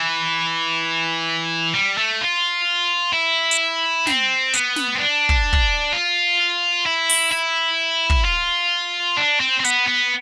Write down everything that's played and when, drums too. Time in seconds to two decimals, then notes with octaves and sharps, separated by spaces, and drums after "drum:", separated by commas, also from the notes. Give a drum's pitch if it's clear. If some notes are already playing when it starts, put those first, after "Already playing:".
Already playing: E3
1.74 G3
1.98 A3
2.21 F4
3.13 E4
3.51 drum: hi-hat
4.07 C4, drum: snare
4.53 B3, drum: hi-hat
4.76 drum: snare
4.95 C4
4.99 D4
5.29 drum: kick
5.53 drum: kick
5.93 F4
6.86 E4
7.09 drum: open hi-hat
7.32 E4
8.10 drum: kick
8.25 F4
9.17 D4
9.40 C4
9.60 C4
9.64 B3, drum: hi-hat
9.87 B3